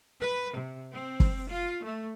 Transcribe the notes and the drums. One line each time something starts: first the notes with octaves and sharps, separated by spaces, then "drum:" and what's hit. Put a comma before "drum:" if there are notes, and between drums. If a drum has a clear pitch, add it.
B4
C3
C4
drum: kick F#1
F4
A3